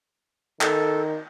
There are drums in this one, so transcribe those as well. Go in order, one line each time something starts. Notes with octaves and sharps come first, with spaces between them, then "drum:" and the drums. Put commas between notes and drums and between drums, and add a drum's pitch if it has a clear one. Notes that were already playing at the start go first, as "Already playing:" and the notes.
D#3 A4, drum: clap